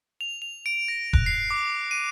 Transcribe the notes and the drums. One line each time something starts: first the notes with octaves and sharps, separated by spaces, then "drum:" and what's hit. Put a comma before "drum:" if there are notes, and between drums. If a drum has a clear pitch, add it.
F7
F7
D7
A#6
F#6, drum: kick E1
C7
D6
D#7